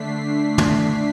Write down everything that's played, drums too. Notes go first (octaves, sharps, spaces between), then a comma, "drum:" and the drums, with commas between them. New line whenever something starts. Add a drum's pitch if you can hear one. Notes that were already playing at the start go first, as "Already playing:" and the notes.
Already playing: D3 A3 D4 B6 C7
drum: tom